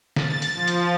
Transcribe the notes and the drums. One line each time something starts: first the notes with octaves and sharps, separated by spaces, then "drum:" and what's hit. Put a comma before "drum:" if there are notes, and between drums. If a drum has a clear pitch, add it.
A6, drum: snare
drum: hi-hat
F3
drum: hi-hat